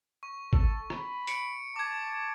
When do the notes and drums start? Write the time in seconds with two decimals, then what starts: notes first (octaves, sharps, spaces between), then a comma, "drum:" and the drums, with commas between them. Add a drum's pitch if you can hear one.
0.23 C#6
0.53 A4, drum: kick
0.90 B5, drum: rim click
1.27 C#7 D7, drum: hi-hat
1.76 A5 D6 G#6